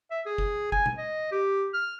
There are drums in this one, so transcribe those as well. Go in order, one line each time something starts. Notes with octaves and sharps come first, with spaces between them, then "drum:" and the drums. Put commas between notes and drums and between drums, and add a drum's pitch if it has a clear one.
E5
G#4
drum: kick
G#5, drum: kick
drum: tom A#2
D#5
G4
F6